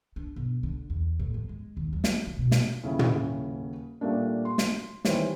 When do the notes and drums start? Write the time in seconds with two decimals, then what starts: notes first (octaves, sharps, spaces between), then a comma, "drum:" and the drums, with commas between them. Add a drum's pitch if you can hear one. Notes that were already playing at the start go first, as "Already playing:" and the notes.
0.16 D4
0.36 B1
0.63 D3
0.90 E2
1.19 A2
1.34 F3
1.49 G#3
1.77 D#2
1.93 F#3
2.04 drum: snare
2.27 C#3
2.39 B2
2.51 drum: snare
2.83 D#1 C#3 C#4 E4
2.99 drum: tom
4.01 A#2 G3 A3 A#3 D4
4.45 C6
4.58 drum: snare
5.05 D#3 E3 G3 C5 C#5, drum: snare